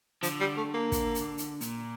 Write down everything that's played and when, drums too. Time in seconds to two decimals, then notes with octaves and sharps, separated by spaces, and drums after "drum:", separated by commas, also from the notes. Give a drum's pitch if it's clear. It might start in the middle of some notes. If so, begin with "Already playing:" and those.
0.23 D3 F3, drum: hi-hat
0.40 G3
0.57 A3
0.74 A#3
0.92 drum: kick, hi-hat
1.15 drum: hi-hat
1.38 drum: hi-hat
1.61 A#2, drum: hi-hat